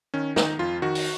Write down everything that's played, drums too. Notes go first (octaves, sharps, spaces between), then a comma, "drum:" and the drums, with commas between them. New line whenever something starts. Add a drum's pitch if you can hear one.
D#3 C#4
D#3 D#4, drum: snare
F2 F4
D#3 F#4
drum: open hi-hat